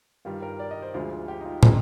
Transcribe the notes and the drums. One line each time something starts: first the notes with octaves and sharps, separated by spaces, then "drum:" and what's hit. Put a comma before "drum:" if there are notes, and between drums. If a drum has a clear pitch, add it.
G2 D#3 G3 F4
A#4
D5
D#5
C5
D2 D3 F3 G#3 F4
G4
D#4
F4
D3 G#3 D#4, drum: tom